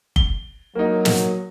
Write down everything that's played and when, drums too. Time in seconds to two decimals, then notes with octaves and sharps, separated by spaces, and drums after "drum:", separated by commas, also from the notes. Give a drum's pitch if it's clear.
0.16 G7, drum: kick G1
0.75 F#3 A#3 D#4
1.05 drum: snare